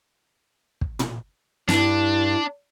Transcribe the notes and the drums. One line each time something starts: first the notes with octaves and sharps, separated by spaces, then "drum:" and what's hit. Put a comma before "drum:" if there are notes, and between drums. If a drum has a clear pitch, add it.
drum: kick
drum: tom
G2 D4 E4, drum: snare